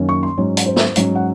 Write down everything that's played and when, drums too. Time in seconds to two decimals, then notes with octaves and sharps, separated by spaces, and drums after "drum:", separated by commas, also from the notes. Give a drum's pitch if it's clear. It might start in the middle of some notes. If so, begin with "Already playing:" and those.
Already playing: F#2 D#3 A#3 C#4
0.09 C#6
0.23 C6
0.37 G#2 F#3 C#4 C#5
0.57 drum: hi-hat
0.66 C5
0.76 drum: snare
0.96 G#2 F#3 C#4 C#5, drum: hi-hat
1.15 F#5